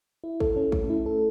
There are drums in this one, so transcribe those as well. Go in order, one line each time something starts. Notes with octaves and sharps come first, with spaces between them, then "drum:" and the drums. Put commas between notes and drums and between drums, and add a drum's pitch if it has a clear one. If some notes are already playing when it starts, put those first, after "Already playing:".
E4
A4, drum: kick
C#4
A3, drum: kick
E4
A4